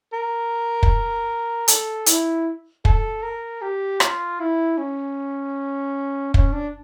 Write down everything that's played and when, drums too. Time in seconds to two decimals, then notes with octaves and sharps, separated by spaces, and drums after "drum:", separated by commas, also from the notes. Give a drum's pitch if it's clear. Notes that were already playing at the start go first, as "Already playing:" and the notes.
0.13 A#4
0.83 drum: kick
1.68 A4, drum: hi-hat
2.06 E4, drum: hi-hat
2.85 A4, drum: kick
3.23 A#4
3.62 G4
4.00 F4, drum: rim click
4.39 E4
4.78 C#4
6.34 C#4, drum: kick
6.52 D4